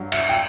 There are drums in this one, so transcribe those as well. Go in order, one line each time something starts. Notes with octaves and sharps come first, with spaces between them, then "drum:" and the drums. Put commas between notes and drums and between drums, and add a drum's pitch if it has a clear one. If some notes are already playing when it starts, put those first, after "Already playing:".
Already playing: G2 F#3
E5, drum: cymbal
G5